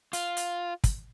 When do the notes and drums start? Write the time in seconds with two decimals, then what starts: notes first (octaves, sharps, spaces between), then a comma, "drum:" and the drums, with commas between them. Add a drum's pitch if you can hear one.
0.13 F4, drum: hi-hat
0.37 drum: hi-hat
0.84 drum: kick, hi-hat